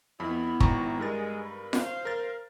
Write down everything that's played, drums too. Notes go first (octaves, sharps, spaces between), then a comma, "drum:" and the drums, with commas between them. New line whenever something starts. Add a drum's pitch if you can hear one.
F2 B3 E4 B5
G#1 A#5 C#6, drum: kick
G2 G#3 A#4 A6
B4
C5 F5, drum: snare F4
A#4 A6